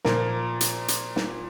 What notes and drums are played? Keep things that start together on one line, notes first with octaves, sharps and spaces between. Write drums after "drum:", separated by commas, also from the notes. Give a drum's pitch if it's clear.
A#2 F3 A#3 A#4, drum: snare
drum: hi-hat
drum: hi-hat
drum: snare